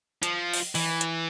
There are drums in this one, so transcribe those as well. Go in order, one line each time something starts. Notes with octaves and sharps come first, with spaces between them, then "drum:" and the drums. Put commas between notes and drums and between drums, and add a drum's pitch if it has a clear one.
F3, drum: hi-hat
drum: open hi-hat
E3, drum: open hi-hat
drum: hi-hat